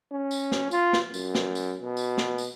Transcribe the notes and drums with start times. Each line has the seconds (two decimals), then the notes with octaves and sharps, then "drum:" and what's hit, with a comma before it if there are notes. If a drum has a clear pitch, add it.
0.12 C#4
0.31 drum: tambourine
0.52 drum: snare
0.71 F4, drum: tambourine
0.93 drum: snare
1.14 F#2, drum: tambourine
1.35 drum: snare
1.55 drum: tambourine
1.82 B2
1.97 drum: tambourine
2.17 drum: snare
2.38 drum: tambourine